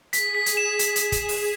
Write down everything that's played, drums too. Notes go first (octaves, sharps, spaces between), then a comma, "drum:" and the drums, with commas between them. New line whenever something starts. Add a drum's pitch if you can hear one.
G#4 B6, drum: hi-hat
B6
drum: hi-hat
E7
drum: hi-hat
drum: hi-hat
drum: kick, hi-hat
drum: open hi-hat